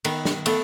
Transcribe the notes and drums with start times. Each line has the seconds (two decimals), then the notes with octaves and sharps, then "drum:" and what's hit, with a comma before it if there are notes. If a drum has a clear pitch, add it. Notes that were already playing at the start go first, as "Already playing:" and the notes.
0.05 D#3 B3, drum: cymbal
0.25 drum: snare
0.46 A3 B3, drum: cymbal